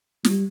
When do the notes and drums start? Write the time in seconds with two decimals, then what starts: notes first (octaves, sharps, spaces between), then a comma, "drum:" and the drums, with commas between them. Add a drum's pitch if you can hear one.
0.25 G3, drum: snare